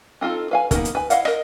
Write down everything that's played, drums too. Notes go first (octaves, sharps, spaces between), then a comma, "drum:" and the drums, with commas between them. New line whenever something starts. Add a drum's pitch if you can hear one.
C4 D#4 F4 A4
B4 F5 G#5
A#3 B3 D#4 A4 A#4, drum: kick, hi-hat
drum: hi-hat
B4 G#5
E4 D#5 F5 F#5, drum: hi-hat
A#4 D#5, drum: rim click